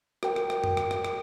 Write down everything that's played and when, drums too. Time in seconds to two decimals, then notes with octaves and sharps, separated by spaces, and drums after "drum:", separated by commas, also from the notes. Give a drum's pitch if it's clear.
0.23 F#4 A#4 G5, drum: rim click
0.36 drum: rim click
0.50 drum: rim click
0.64 drum: tom F#2
0.77 drum: rim click
0.91 drum: rim click
1.04 drum: rim click